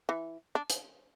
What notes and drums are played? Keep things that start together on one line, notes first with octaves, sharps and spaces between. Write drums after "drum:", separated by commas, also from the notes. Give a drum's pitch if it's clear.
E3
D4
drum: hi-hat